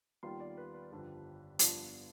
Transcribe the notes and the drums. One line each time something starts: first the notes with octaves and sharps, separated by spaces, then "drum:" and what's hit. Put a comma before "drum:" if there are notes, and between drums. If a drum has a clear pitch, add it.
D#2 D#3 G3 B3 F4 C6
D5
B4
B4
G1 F2 D3 G3 D4
G2 F3 B3 D4 F4, drum: hi-hat